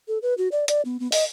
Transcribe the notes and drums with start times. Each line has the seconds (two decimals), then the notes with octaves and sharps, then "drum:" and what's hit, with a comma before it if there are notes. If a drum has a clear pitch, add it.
0.08 A4
0.22 B4
0.38 F#4
0.52 D5
0.68 D5, drum: hi-hat
0.85 B3
1.00 B3
1.12 D#5, drum: open hi-hat